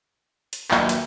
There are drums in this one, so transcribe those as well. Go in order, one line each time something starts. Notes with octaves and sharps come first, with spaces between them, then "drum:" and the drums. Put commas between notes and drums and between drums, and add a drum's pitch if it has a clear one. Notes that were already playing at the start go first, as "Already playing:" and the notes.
drum: hi-hat
D#2 B2 D3 F3 F#3 A#3 E4 B4, drum: clap
drum: hi-hat